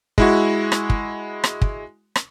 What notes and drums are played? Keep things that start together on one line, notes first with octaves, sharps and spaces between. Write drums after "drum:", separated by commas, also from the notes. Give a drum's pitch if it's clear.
G#3 E4 F#4, drum: kick
drum: rim click
drum: kick
drum: rim click
drum: kick
drum: rim click